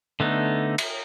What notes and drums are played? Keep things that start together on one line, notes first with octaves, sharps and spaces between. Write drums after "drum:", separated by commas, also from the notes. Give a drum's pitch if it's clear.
D3 A3 B3 D#4
drum: cymbal